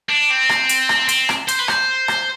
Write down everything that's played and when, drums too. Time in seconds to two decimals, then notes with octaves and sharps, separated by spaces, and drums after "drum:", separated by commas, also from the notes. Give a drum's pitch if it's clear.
0.09 D4
0.30 C4
0.49 drum: rim click
0.69 drum: hi-hat
0.89 drum: rim click
1.09 C4, drum: hi-hat
1.29 drum: rim click
1.48 C5, drum: hi-hat
1.59 B4
1.68 C5, drum: rim click
2.08 drum: rim click